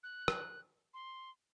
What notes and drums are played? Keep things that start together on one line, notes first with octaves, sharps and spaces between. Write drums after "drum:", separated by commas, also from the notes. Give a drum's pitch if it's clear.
F#6
drum: rim click
C6